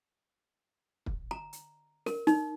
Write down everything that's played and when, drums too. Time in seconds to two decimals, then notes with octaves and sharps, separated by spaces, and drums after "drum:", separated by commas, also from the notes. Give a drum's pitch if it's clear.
1.06 drum: kick
1.31 A#5
1.53 drum: hi-hat
2.06 A#4, drum: snare
2.27 D#4, drum: snare